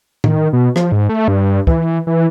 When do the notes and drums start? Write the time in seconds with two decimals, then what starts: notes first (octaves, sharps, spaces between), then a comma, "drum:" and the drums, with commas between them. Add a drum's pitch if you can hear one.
0.24 D#3, drum: tom A2
0.53 B2
0.76 F3, drum: rim click
0.92 G#2
1.09 A3
1.28 G2
1.67 E3, drum: kick
2.07 E3